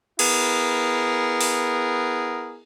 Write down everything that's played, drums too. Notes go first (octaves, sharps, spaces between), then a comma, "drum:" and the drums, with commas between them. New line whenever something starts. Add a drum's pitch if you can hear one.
B3 E4 G#4 A#4, drum: cymbal
drum: open hi-hat